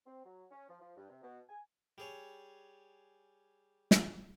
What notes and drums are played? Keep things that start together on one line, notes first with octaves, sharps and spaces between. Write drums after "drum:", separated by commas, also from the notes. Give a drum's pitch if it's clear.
C4
F#3
C#4
F3
F3
G2
C3
B2
G#5
G3 G#4 C#5
drum: snare